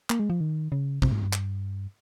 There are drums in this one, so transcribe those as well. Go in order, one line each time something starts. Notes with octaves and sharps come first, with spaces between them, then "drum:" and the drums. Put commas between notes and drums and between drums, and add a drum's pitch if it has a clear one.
A#3, drum: clap
G#3
F3
D#3
C#3
C3, drum: kick
G#2
G2
drum: clap